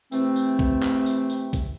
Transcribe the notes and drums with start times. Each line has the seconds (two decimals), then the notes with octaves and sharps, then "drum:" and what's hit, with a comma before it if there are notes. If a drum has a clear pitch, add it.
0.12 C3 E3 A3 C4, drum: tambourine
0.36 drum: tambourine
0.59 drum: kick
0.83 drum: clap
1.06 drum: tambourine
1.30 drum: tambourine
1.53 drum: kick, tambourine